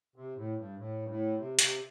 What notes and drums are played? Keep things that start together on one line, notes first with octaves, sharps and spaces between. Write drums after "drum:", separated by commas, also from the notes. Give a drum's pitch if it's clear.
C3
A2
G2
A2
G2
A2
C3
C3, drum: hi-hat